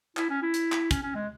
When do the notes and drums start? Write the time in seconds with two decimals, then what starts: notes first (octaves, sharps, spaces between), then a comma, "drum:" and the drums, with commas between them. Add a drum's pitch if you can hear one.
0.17 E4, drum: clap
0.30 C#4
0.42 E4
0.54 drum: hi-hat
0.72 drum: clap
0.91 C#4, drum: kick, hi-hat
1.03 C#4
1.15 G#3